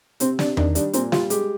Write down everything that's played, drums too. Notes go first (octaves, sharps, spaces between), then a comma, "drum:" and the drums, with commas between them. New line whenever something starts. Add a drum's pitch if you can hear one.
C3 C4, drum: hi-hat
C3 D4, drum: snare
D#3 D4, drum: tom E2
G3 D4, drum: hi-hat
A#2 C4, drum: hi-hat
G3 F4, drum: snare
G#3 G4, drum: hi-hat